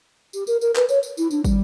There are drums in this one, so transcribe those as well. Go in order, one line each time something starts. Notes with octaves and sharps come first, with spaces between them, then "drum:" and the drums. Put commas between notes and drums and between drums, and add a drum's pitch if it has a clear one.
G4, drum: tambourine
A#4, drum: tambourine
A#4, drum: tambourine
B4, drum: clap
C#5, drum: tambourine
drum: tambourine
E4, drum: tambourine
D4, drum: tambourine
G3, drum: kick, tambourine